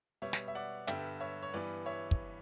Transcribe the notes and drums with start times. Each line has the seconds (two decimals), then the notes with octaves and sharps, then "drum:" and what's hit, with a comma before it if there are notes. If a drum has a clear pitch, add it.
0.22 B2 G3 B3 C#5 E5
0.33 drum: snare
0.48 E5
0.55 D5 F#5
0.87 G2 D3 G3 B3 E5 G5, drum: hi-hat
1.21 C#5 E5
1.43 C#5
1.53 G2 E3 G3 B3 B4 D5
1.86 C#5 E5
2.11 drum: kick